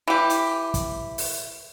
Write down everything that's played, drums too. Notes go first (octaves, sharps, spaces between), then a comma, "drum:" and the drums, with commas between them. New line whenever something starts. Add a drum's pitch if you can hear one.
E3 G4
drum: hi-hat
drum: kick, hi-hat
drum: open hi-hat